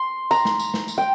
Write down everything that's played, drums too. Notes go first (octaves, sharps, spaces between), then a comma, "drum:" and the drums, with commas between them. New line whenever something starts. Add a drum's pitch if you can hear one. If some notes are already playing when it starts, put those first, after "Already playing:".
Already playing: C6
A#5, drum: tambourine
drum: snare
drum: tambourine
drum: snare
drum: tambourine
G5